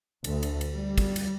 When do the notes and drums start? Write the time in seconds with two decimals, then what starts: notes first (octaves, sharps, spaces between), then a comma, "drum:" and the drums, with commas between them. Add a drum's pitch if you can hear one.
0.24 D2, drum: cymbal
0.43 drum: cymbal
0.61 drum: cymbal
0.75 G3
0.98 drum: kick, cymbal
1.16 drum: cymbal